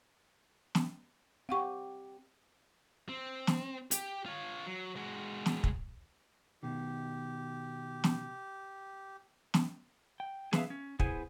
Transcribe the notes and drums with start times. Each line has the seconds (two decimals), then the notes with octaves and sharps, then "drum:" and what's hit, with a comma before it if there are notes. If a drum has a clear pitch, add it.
0.75 drum: snare
1.49 C4 G4 F5 F#5 C#6
3.09 C4
3.47 drum: snare
3.91 G4, drum: hi-hat
4.26 F4 C#5
4.67 F#3
4.96 G#3 F#4
5.46 drum: snare
5.64 drum: kick
6.63 B2 D#3 G4
8.04 drum: snare
9.54 drum: snare
10.20 G5
10.53 G#4 B4 C5 E5 F5, drum: snare
10.70 C#4
11.00 B3 E4 G#4 C5 G#5, drum: kick